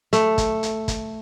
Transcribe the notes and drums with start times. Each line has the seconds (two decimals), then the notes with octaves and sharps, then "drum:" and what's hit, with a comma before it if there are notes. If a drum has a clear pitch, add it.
0.13 A3, drum: hi-hat
0.38 drum: kick, hi-hat
0.63 drum: hi-hat
0.88 drum: kick, hi-hat